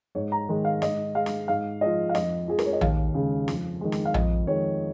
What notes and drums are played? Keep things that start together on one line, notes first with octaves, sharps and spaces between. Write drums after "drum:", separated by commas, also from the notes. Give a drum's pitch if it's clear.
G#2 C#5
A#5
D#3 G#3
F5
G#2 D#5, drum: snare
G#3 F5
drum: snare
G#2 F5
F3 G#3 D#5
F5
F2 D#5, drum: snare
F3 G#3 G#4
A#4, drum: snare
C#5
D#5
D#2 F5, drum: tom A#1
C#3 G#3
F2, drum: snare
D#3 G#3
drum: snare
F5
F2 D#5, drum: tom A#1
D#3 G#3 C#5